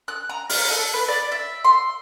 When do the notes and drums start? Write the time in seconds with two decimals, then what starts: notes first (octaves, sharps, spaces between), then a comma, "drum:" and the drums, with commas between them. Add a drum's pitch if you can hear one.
0.08 F#6
0.29 A#5
0.50 F5, drum: open hi-hat
0.70 A4
0.93 B4
1.08 D5
1.32 E5
1.65 C6